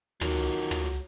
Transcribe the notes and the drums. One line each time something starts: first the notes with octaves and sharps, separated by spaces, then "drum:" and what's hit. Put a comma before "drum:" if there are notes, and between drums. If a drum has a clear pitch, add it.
D#3 F#3 F4 F#4 A4, drum: tom
drum: hi-hat
drum: tom